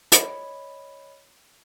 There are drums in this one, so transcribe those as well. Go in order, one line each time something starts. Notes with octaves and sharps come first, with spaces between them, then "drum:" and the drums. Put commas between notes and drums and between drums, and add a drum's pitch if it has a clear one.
C#5 D#5 B5, drum: hi-hat